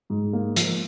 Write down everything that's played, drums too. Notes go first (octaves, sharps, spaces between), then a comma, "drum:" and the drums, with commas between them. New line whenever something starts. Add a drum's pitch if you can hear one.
G#2
A#3
F3, drum: hi-hat